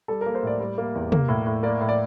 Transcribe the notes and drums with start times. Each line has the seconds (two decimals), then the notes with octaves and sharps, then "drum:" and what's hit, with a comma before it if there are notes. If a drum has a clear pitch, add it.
0.08 G3 A4
0.21 A#4
0.26 A#3
0.35 C5
0.43 A2 D5
0.60 G3
0.78 A#3
0.95 E2
1.12 A#3, drum: tom
1.28 A2
1.47 A2
1.63 A#3 D5
1.81 A2
1.89 D5